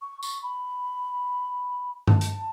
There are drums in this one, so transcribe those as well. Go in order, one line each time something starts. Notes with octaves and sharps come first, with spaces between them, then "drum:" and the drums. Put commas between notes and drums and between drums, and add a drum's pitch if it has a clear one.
C#6
C#6, drum: tambourine
B5
A5, drum: tom G2
drum: hi-hat